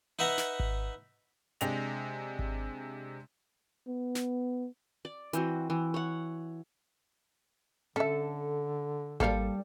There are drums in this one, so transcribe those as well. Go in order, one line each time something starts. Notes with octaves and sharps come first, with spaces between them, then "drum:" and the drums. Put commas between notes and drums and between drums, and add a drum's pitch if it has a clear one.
D#4 B4 E5 F#5 A#5
drum: snare
drum: kick G#1
C3 G#3 D4 G5 A#6 F7, drum: hi-hat
drum: kick G#1
B3
drum: snare
D5
E3 C4 F#4, drum: hi-hat
E3
C#5 F#5
D3 C#4 A4 E5
G3 A#3 A4 C5 F5, drum: kick G#1